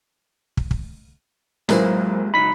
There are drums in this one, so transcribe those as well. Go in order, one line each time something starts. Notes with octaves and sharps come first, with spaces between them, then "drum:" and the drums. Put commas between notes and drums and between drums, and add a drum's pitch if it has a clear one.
drum: kick
drum: kick
A1 E3 F#3 G#3 A#3 F4 A#4 C5, drum: snare
C#2 F#3 D#4 B5 B6